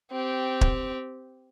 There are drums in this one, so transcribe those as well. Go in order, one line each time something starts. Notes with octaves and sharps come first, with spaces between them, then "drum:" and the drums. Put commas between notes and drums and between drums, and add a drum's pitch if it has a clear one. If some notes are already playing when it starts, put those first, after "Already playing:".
C4 G4
drum: kick